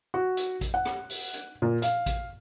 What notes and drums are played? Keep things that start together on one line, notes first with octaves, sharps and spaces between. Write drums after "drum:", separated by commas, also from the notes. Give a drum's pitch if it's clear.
F#4
drum: hi-hat
drum: kick A1, hi-hat
F#5
drum: rim click
drum: open hi-hat
drum: hi-hat
A#2
F5, drum: hi-hat
drum: kick A1, hi-hat